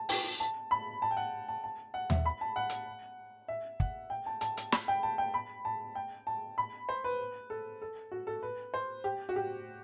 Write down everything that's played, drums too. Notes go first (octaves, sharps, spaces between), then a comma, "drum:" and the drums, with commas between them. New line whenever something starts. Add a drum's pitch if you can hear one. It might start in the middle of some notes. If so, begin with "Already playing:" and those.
Already playing: A5
G5, drum: open hi-hat
A5
B5
A5
G5
F#5
A5
A5
F#5
E5, drum: tom D#2
B5
A5
F#5
drum: hi-hat
E5
F#5, drum: kick
G5
A5
A5, drum: hi-hat
drum: hi-hat
B5, drum: snare
G5
A5
G5
B5
A5
G5
A5
B5
C5
B4
A4
A4
F#4
A4
B4
C5
G4
F#4
G4